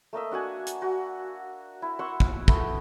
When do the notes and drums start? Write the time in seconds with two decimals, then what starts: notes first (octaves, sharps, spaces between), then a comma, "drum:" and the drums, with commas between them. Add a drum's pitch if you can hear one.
0.13 A3 A#3 D#5 E5
0.31 D4 F#4 F#5 G#5
0.67 drum: hi-hat
0.82 F#4
1.82 E4
1.99 F#5 C6 C#6 E6
2.20 drum: kick
2.48 A3 B3, drum: kick